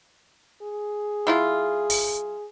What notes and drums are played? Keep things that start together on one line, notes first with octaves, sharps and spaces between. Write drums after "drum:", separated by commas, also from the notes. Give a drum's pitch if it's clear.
G#4
F#3 E4 F4
drum: open hi-hat